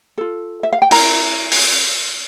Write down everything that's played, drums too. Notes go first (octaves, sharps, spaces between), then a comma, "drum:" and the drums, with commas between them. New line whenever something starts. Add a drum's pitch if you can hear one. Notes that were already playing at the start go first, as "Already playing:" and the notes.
F4 A4
E5
F5
G5
E4 A#4 A#5, drum: open hi-hat
drum: open hi-hat